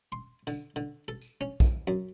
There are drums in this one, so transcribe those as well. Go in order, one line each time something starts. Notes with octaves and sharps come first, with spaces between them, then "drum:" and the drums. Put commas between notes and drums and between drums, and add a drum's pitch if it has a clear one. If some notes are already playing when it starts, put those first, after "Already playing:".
C6
D3, drum: tambourine
D3
A4
drum: tambourine
C#4
drum: kick, tambourine
F#2